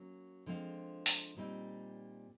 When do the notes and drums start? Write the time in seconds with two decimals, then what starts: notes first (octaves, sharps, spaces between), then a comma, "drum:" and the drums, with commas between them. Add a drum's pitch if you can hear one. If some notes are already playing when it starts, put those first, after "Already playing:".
Already playing: F#3 A#3 C#4
0.46 D3 F3 G#3 C4 F4
1.06 drum: open hi-hat
1.37 A#2 G3 C4 D#4